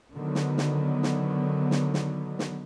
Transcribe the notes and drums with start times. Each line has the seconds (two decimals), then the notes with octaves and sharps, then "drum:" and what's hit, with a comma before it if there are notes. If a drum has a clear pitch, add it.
0.12 D3 D#3 F#3 B3
0.35 drum: snare
0.58 drum: snare
1.03 drum: snare
1.71 drum: snare
1.94 drum: snare
2.39 drum: snare